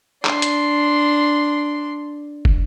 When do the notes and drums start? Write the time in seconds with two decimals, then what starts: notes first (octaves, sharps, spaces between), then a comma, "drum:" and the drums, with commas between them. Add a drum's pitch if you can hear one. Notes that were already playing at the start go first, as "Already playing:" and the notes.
0.25 D4 C6, drum: clap
0.42 drum: hi-hat
2.45 drum: kick